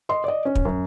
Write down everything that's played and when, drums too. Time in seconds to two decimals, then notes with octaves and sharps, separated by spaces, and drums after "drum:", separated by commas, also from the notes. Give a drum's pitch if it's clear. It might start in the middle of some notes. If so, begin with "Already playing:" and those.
0.09 D#5 C6
0.24 D5 D#5
0.45 C#4
0.55 drum: kick
0.65 F#2